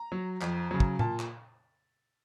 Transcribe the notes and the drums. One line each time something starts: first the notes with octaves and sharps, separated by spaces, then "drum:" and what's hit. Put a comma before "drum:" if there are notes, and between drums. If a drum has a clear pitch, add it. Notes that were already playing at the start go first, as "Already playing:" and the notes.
Already playing: A#5
F#3
F2, drum: clap
C#3 F#3
drum: kick
A#2 A5, drum: tom A2
drum: clap